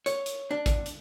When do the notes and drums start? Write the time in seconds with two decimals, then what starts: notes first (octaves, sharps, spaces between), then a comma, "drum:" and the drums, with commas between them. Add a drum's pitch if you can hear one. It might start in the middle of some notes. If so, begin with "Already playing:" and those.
0.06 C#5, drum: hi-hat
0.26 drum: hi-hat
0.51 D4
0.66 drum: kick, hi-hat
0.86 drum: hi-hat